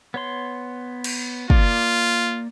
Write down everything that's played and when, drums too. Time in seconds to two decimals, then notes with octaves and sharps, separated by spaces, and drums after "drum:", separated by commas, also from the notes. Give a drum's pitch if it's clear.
0.14 B3 C#5 C6
1.04 drum: cymbal
1.50 A#3 F4 D5, drum: kick